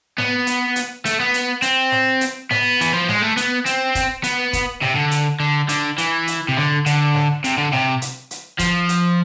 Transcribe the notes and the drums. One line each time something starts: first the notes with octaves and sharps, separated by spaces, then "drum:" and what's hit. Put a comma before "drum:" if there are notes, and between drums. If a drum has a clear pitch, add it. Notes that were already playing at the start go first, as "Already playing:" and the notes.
B3, drum: snare
drum: hi-hat
drum: hi-hat
A3, drum: hi-hat
B3
drum: hi-hat
C4, drum: hi-hat
drum: snare
drum: hi-hat
B3, drum: snare
E3, drum: hi-hat
F3
G#3, drum: snare
A3
B3, drum: hi-hat
C4, drum: hi-hat
drum: kick, hi-hat
B3, drum: hi-hat
drum: kick, hi-hat
C3, drum: snare
D3
drum: hi-hat
D3
D3, drum: hi-hat
E3, drum: hi-hat
drum: hi-hat
C3
D3, drum: snare
D3, drum: hi-hat
drum: snare
C3, drum: hi-hat
D3
C3, drum: snare
drum: hi-hat
drum: hi-hat
F3, drum: kick, hi-hat
drum: hi-hat